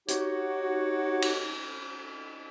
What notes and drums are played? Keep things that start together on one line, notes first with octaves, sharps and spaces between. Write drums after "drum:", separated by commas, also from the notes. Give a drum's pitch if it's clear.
D#4 F#4 G4 C#5, drum: hi-hat
drum: cymbal